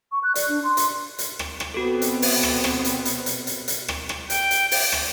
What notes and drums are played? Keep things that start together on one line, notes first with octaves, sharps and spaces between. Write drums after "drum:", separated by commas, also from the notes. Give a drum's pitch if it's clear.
C#6
F#6
D5, drum: hi-hat
D4
C6
drum: hi-hat
drum: hi-hat
drum: rim click
drum: rim click
B2 B3 C4 F#4 A4
drum: hi-hat
drum: open hi-hat
drum: rim click
drum: rim click
drum: hi-hat
drum: hi-hat
drum: hi-hat
drum: hi-hat
drum: hi-hat
drum: rim click
drum: rim click
G5, drum: hi-hat
drum: hi-hat
drum: open hi-hat
drum: rim click